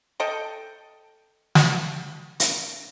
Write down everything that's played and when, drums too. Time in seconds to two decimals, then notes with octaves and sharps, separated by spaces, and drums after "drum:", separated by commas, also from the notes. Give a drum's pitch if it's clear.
0.20 A4 D#5 G5
1.55 drum: snare
2.40 drum: hi-hat